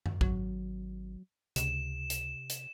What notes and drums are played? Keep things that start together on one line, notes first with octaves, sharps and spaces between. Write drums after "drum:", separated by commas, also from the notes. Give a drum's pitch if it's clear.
drum: tom F#2
G#1 F#3, drum: kick
C#2 C3 E7, drum: hi-hat
drum: hi-hat
drum: hi-hat